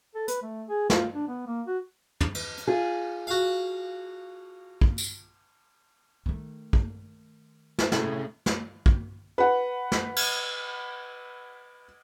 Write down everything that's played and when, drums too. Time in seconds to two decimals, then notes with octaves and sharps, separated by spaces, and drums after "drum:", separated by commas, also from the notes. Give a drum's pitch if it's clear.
0.15 A4
0.28 B4, drum: hi-hat
0.43 A3
0.69 G#4
0.90 F4, drum: snare
1.14 D4
1.28 B3
1.47 A#3
1.67 F#4
2.21 drum: tom
2.34 drum: cymbal
2.57 drum: hi-hat
2.67 F4 G#4
3.27 F#4 F5
4.81 drum: kick
4.98 drum: tambourine
6.26 D#3 A3
6.73 drum: kick
7.79 drum: snare
7.92 A2 C3 C#4 G#4, drum: snare
8.46 drum: snare
8.86 drum: kick
9.38 B4 F#5
9.92 drum: snare
10.16 drum: cymbal